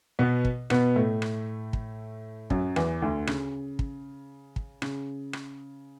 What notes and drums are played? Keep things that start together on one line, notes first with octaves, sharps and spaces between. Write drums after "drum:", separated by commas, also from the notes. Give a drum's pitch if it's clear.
B2 B3
drum: kick
B2 B3, drum: rim click
A2 A3
drum: rim click
drum: kick
F#2 F#3, drum: kick
E2 E3, drum: rim click
D2 D3
C#3, drum: rim click
drum: kick
drum: kick
C#3, drum: rim click
drum: rim click